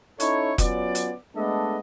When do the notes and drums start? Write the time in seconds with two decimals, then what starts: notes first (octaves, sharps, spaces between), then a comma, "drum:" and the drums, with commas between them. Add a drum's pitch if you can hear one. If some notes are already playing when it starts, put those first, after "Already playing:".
0.20 C#4 D#4 E4 A4 C#5, drum: hi-hat
0.58 F#3 B3 C#4 F4 D5, drum: kick F1, hi-hat
0.95 drum: hi-hat
1.36 G#3 A3 B3 D4 A4 D#5